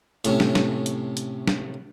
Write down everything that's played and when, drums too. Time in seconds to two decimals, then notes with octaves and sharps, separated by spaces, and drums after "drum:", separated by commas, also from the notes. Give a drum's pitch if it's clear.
0.25 A2 C3 C#4, drum: hi-hat
0.40 drum: snare
0.55 drum: snare
0.86 drum: hi-hat
1.17 drum: hi-hat
1.47 drum: snare